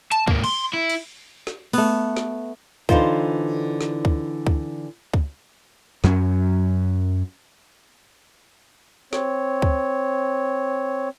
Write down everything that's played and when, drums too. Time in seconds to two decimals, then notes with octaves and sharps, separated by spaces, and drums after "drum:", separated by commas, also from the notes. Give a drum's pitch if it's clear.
0.12 A5, drum: hi-hat
0.27 G#2 A#3, drum: kick C#2
0.44 C6, drum: cymbal
0.73 E4
0.90 drum: cymbal
1.47 drum: snare
1.73 A3 B3, drum: open hi-hat
2.17 drum: snare
2.89 D3 E3 D#4 F4 C5, drum: kick C#2
3.81 drum: snare
4.05 drum: kick C#2
4.47 drum: kick C#2
5.14 drum: kick C#2
6.04 F#2 F#3 A#3 C#4, drum: snare
9.13 C4 C#5, drum: snare
9.62 drum: kick C#2